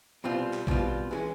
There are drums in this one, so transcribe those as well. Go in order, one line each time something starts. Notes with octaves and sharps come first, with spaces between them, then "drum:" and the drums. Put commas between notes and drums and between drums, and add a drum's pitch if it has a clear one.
C2 B2 G3 C4 F4
drum: clap
C2 B2 G3 C4 F4, drum: kick A#1
E3 G#3 C#4